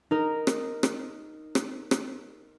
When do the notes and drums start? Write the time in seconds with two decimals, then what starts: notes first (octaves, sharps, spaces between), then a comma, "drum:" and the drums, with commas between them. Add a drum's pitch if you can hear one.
0.11 D#4 A#4
0.47 drum: rim click
0.83 drum: rim click
1.55 drum: rim click
1.91 drum: rim click